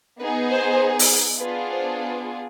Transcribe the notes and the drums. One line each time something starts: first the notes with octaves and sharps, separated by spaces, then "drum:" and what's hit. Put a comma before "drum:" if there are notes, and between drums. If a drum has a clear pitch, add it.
B3 D#4 G#4 B4
C5
drum: open hi-hat
B3 D4 F4 G#4 B4
C5
B4